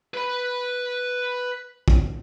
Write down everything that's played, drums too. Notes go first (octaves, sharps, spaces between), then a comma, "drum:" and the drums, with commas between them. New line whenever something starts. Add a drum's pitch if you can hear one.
B4 B5
drum: kick